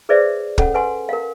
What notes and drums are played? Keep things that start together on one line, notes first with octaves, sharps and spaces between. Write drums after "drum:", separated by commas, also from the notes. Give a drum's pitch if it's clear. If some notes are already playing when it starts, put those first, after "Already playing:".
G#4 B4 C5 D5 E5
C#4 A4 F#5, drum: kick
B4 F#5 G#5 C6
A#4 F5